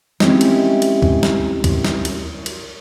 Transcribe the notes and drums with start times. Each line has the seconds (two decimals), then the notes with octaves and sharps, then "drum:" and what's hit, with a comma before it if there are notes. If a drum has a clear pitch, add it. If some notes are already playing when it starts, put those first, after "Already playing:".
0.20 G#3 C4 C#4 E4 G4, drum: snare
0.41 drum: cymbal
0.82 drum: cymbal
1.02 drum: kick
1.23 drum: snare
1.64 drum: kick, cymbal
1.85 drum: snare
2.05 drum: cymbal
2.46 drum: cymbal